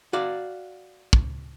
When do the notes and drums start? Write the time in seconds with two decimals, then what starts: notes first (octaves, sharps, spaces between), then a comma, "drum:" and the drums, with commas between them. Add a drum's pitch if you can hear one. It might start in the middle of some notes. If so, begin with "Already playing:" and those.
0.13 F#4 D5 F5
1.13 drum: kick